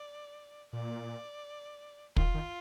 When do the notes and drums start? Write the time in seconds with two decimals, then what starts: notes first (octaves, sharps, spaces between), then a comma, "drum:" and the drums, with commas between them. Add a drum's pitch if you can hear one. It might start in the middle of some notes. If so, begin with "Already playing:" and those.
Already playing: D5
0.73 A#2 D5
2.16 D#3 F4, drum: kick
2.34 D#3